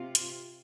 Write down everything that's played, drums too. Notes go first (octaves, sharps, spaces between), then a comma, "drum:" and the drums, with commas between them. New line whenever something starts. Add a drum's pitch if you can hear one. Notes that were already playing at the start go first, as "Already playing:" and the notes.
Already playing: C3 F4
drum: hi-hat